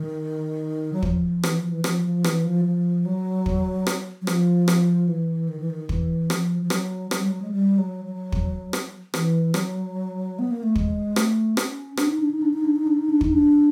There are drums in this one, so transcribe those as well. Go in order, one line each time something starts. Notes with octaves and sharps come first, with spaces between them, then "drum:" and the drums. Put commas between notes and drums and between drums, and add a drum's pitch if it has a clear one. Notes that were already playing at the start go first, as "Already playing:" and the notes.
Already playing: D#3
F#3
F3, drum: kick
E3, drum: rim click
F3
E3
F3, drum: rim click
F3
E3, drum: rim click
F3
F3
F#3
drum: kick
drum: rim click
F#3
F3, drum: rim click
drum: rim click
E3
D#3
E3
D#3
E3, drum: kick
F3, drum: rim click
F3
F#3, drum: rim click
F#3, drum: rim click
G3
F#3
G#3
G3
F#3
F#3
drum: kick
drum: rim click
E3, drum: rim click
F#3, drum: rim click
B3
A#3
A3
G#3, drum: kick
A3, drum: rim click
C#4, drum: rim click
D4, drum: rim click
D#4
D4
D#4
D4
D#4
D4
D#4
D4
D#4
D4
D#4, drum: kick
D4